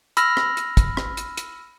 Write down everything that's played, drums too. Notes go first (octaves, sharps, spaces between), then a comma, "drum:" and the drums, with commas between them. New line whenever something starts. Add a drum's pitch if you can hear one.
B5 E6 F6 A#6, drum: hi-hat
drum: rim click
drum: hi-hat
drum: kick, hi-hat
drum: rim click
drum: hi-hat
drum: hi-hat